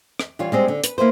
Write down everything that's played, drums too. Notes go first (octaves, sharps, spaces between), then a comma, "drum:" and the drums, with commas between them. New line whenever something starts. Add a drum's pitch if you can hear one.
drum: rim click
E3 G3 F4 C#5
G3 G#3 C4 G#4
D3
B4, drum: hi-hat
A#3 E4 B4 C5